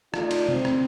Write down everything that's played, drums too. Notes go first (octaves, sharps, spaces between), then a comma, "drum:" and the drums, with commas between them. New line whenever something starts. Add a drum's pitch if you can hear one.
A3 D#4 F4 D5, drum: rim click
drum: cymbal
C4, drum: tom
drum: rim click